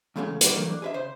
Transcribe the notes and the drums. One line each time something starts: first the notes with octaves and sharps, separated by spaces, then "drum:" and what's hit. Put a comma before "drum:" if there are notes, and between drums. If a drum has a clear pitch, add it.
E2 A#2 C#3 G#3 A3 C#4
B2 D3 E3 G3 A#3, drum: hi-hat
G2 A#2 E3 F#3 A3 A#3
D4
G#4 B4 E5
C#3 C5